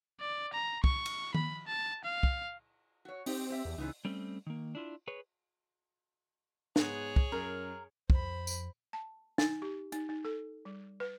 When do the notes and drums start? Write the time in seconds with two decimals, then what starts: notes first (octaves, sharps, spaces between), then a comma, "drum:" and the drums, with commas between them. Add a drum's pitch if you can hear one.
0.20 D5
0.53 A#5
0.84 C#6, drum: kick
1.06 drum: cymbal
1.35 B5, drum: tom D#3
1.67 A5
2.04 F5
2.23 drum: kick
3.05 F#4 C#5
3.26 C4 D#4 G4 D#5, drum: open hi-hat
3.50 G4 E5
3.65 E2
3.78 C#2 C3 E3 D#4
4.05 G3 A3 C4 C#4
4.47 D#3 A#3
4.75 D4 E4 F4
5.07 G#4 B4 C#5
6.76 G#2 B3 G#4 C#5, drum: snare
7.16 drum: kick
7.32 F#2 A#4
8.10 F2 C5 B5, drum: kick
8.47 drum: tambourine
8.93 A5
9.38 D#4, drum: snare
9.62 G4
9.92 D#4, drum: hi-hat
10.09 D#4
10.25 A4
10.65 G3
11.00 B4